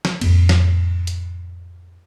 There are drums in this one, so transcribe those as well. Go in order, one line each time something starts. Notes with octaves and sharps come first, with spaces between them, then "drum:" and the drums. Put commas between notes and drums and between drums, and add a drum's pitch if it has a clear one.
drum: snare
F2 A2 B3, drum: cymbal
drum: snare
drum: hi-hat